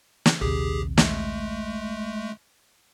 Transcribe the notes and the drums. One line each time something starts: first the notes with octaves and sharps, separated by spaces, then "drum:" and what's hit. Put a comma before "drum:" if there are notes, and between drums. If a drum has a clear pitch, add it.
drum: snare
A#1 D#2 C3 G4 G#4
G#3 A3, drum: snare